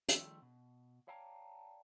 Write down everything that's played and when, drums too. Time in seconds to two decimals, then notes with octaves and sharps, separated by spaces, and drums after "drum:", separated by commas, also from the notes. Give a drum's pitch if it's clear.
0.09 D#3 F3 G3 A3, drum: hi-hat
0.42 B2
1.08 C#5 D5 F5 G5 A5 A#5